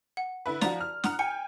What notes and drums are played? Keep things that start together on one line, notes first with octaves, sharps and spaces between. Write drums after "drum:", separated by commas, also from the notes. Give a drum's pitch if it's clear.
F#5
D3 E4 B4
F3 F#4 D5 A#5, drum: snare
F6
F#5 A#5 D#6 F6, drum: snare
G5 G#5 C#7